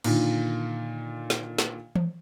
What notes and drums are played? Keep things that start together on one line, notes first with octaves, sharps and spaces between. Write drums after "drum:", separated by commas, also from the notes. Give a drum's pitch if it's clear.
A#2 D3 D#3 F4, drum: cymbal
drum: snare
drum: snare
drum: tom E3